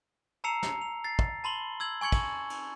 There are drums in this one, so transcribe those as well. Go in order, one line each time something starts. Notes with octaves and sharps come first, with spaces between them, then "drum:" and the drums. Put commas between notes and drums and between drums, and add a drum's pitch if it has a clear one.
A5 A#5 E6 C7 C#7 F7
drum: snare
F7
A6 C7
drum: kick
A5 B5 C6 F#7 G7
E6 G#6 F#7
G#5 C#6 G#6 C#7 F#7
drum: kick, cymbal
drum: cymbal